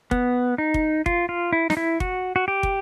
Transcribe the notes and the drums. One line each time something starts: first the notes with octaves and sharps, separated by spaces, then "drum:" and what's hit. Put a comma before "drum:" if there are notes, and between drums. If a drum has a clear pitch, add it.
B3, drum: kick
D#4
drum: kick
F4, drum: kick
F4
E4
D#4, drum: snare
E4
F#4, drum: kick
F#4
G4
drum: kick